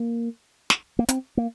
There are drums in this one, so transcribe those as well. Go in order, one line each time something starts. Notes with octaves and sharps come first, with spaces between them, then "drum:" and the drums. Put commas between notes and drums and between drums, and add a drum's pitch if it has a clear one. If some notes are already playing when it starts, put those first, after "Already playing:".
Already playing: A#3
drum: snare
A#3
C4, drum: hi-hat
A#3